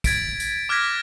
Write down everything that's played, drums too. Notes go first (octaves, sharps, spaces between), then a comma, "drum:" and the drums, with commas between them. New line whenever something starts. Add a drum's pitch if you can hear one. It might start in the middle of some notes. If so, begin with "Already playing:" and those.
G#6 A6 B6 D7, drum: kick, tambourine
drum: tambourine
D6 F6 F#6 G#6 A#6 B6